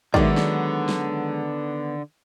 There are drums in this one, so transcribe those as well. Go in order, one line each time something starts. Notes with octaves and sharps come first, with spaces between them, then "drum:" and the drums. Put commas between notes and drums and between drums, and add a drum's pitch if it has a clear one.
D3 D#3 F#3 G#3 B3 D5, drum: kick
drum: snare
drum: snare